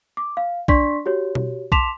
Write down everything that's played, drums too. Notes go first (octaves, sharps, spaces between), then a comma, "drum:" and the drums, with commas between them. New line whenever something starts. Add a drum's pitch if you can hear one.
D6
F5
D4 D5 C6 C#6 B6, drum: kick
F#4 G4 C#5
drum: tom B2
A5 C6 D6 B6 E7 F7, drum: kick